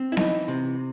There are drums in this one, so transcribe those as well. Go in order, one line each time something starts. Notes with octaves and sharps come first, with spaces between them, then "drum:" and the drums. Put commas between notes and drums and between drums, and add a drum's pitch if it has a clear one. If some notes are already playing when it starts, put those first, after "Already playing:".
Already playing: C4
E4
E3 D#4, drum: snare B3
C3